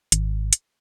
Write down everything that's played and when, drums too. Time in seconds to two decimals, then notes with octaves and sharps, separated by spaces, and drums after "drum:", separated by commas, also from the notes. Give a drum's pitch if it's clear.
0.12 G#1, drum: hi-hat
0.53 drum: hi-hat